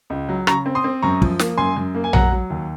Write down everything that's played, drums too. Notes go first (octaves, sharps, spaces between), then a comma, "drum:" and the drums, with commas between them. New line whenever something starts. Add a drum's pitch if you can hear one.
C#2
F#3
C#3 A#5 C#6, drum: rim click
C4
C6 D#6
C4
F#2 A#5 C#6
F3, drum: kick
A#3, drum: snare
F#2 G#5 C6
F#2
A#3
G#5
F#3 F#5 A#5, drum: tom A#1
F#3
D#2